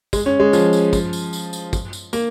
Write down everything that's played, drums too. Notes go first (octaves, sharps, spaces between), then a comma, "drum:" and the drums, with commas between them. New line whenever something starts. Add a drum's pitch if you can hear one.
G#3, drum: kick, tambourine
C#4
G#3
F3, drum: tambourine
drum: tambourine
drum: kick, tambourine
drum: tambourine
drum: tambourine
drum: tambourine
drum: kick, tambourine
drum: tambourine
A#3, drum: tambourine